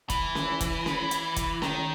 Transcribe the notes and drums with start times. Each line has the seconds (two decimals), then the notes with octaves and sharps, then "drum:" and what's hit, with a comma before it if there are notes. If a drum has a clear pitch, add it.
0.10 E3, drum: kick, hi-hat
0.35 drum: snare C#4
0.61 drum: kick, hi-hat
0.86 drum: snare C#4
1.11 drum: hi-hat
1.36 drum: kick, hi-hat
1.62 D#3, drum: snare C#4